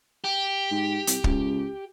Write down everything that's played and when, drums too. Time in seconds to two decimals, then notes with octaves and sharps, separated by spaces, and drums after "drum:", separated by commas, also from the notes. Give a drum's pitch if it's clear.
0.24 G4
0.71 G#2
1.07 C2, drum: hi-hat
1.24 C#2, drum: kick